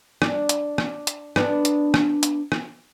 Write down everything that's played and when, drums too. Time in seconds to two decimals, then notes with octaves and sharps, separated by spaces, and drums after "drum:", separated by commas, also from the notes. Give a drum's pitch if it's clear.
0.22 D4, drum: rim click
0.49 drum: hi-hat
0.78 drum: rim click
1.07 drum: hi-hat
1.36 B3 D4, drum: rim click
1.65 drum: hi-hat
1.94 drum: rim click
2.23 drum: hi-hat
2.52 drum: rim click